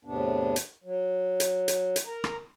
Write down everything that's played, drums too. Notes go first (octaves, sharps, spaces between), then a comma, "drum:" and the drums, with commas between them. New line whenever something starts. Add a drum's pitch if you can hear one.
E2 A2 C3 B3 D4
drum: hi-hat
F#3
drum: hi-hat
drum: hi-hat
drum: hi-hat
A#4 A#5
drum: rim click